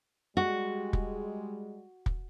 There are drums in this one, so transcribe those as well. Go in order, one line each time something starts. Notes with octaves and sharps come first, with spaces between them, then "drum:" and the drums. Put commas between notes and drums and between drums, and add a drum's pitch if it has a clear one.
G3 G#3 F#4
drum: kick
drum: kick